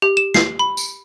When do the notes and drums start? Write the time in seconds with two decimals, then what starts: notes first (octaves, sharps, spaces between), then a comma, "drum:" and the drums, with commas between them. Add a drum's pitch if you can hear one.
0.02 G4
0.17 E7
0.34 C7, drum: snare
0.59 B5
0.77 drum: tambourine